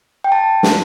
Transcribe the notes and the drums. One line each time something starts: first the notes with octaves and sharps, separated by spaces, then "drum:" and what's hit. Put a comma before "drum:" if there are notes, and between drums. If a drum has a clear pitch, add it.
G5
A5
drum: snare